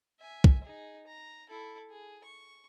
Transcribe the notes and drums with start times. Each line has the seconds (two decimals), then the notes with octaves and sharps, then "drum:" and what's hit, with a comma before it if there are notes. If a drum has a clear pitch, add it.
0.21 E5 G#5
0.44 drum: kick
0.64 D#4 G#4
1.07 A#5
1.49 E4 A4
1.91 G#4
2.24 C#6